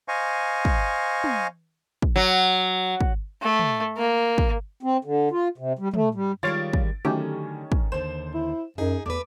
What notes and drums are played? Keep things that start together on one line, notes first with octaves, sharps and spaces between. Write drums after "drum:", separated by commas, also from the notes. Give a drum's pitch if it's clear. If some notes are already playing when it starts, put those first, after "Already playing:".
C5 D#5 F5 G#5 C#6
drum: kick
drum: tom
drum: kick
F#3
drum: kick
A3
drum: tom
A#3
drum: kick
C4
D3
F4
C3
G3
A3, drum: tom
G3
D#3 G3 G#3 F4 C#5 F5 A6 D7
drum: kick
D3 D#3 F#3 A3 C#4 G4
drum: kick
D#2 D3 C5 E7
E4
F#2 D#4 G#4
E2 A3 B4 D6